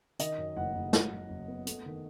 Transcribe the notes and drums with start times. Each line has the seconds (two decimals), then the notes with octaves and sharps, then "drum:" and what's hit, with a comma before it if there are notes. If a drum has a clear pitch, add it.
0.19 D#3 D#5, drum: hi-hat
0.38 F#2
0.56 F#1 F#5
0.75 F#1
0.93 F#3, drum: snare
1.12 F#2
1.30 F#1
1.48 B3
1.67 A3, drum: hi-hat
1.86 D#3